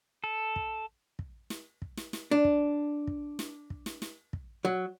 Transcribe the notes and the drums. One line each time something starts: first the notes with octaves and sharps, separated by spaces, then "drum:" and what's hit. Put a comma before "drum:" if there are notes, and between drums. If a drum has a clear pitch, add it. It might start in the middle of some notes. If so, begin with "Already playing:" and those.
A4
drum: kick
drum: kick
drum: snare
drum: kick
drum: snare
drum: snare
D4
drum: kick
drum: kick
drum: snare
drum: kick
drum: snare
drum: snare
drum: kick
F#3